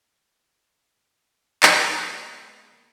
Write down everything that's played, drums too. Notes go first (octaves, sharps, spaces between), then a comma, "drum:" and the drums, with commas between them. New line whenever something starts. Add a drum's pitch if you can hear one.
F3 G#3 A#3 B3, drum: clap